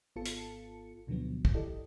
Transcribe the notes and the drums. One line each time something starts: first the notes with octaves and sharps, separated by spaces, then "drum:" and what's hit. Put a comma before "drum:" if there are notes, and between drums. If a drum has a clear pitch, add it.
G#1 B3 F4 A4 A5 C#7
drum: hi-hat
D2 B2 D3 F3 F#3 B3
drum: kick
E4 G4 A4 D5 D#5